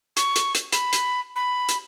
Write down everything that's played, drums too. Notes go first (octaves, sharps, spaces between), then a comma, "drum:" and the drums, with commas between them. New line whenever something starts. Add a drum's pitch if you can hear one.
C#6, drum: hi-hat
drum: hi-hat
drum: hi-hat
B5, drum: hi-hat
drum: hi-hat
B5
drum: hi-hat